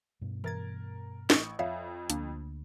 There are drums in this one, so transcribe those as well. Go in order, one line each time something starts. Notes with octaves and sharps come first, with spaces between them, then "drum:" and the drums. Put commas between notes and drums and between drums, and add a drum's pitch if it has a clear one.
G2 B2
E3 A#4 G#6 A6
A1 C#6, drum: snare
F2 C#5 E5 F5
D2 A#3 D4, drum: hi-hat